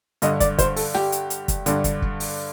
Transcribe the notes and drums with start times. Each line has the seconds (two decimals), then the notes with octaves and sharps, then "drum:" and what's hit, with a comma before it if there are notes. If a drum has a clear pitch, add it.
0.22 G2 D3 D#5, drum: hi-hat
0.40 D5, drum: kick, hi-hat
0.59 C5, drum: kick, hi-hat
0.76 A4, drum: open hi-hat
0.95 G4, drum: snare
1.12 drum: hi-hat
1.30 drum: hi-hat
1.48 drum: kick, hi-hat
1.66 G2 D3, drum: hi-hat
1.84 drum: kick, hi-hat
2.02 drum: kick
2.20 drum: open hi-hat